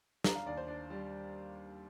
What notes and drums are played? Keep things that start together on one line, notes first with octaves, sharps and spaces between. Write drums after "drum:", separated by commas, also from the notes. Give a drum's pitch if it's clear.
D4 A#5, drum: snare
F5
D#2 D5
C5
D4 D5
G3